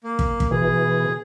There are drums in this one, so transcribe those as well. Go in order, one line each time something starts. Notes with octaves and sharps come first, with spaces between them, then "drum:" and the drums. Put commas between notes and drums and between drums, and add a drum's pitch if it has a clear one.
A#3
drum: kick
drum: kick
B2 E3 G#4